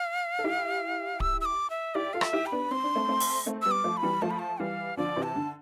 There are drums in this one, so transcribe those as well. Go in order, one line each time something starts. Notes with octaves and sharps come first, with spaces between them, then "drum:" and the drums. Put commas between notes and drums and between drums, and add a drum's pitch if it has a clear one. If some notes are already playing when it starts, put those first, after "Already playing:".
Already playing: F5
A4
E4 G4
E6, drum: kick D1
E6
D6
E5
E4 G4 D5
F4 A4 F5
E5, drum: rim click
E4 G4
B5
B3 D4
C4 C6
D4
A3 C4
A3 C4
drum: open hi-hat
A3 C4
G3 B3 E6
D6
F3 A3
B5
E3 G3
F3 A3 A5
B5
A5
E3 G3 F5
D3 F3 D5
C3 E3
A5
D3